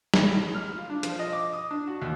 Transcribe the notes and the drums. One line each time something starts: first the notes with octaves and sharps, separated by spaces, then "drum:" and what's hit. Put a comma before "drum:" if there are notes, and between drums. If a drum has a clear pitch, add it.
E4, drum: snare
G#1
F6
F4
D4
F3, drum: hi-hat
D#5
D6
D#6
D4
F#4
D#2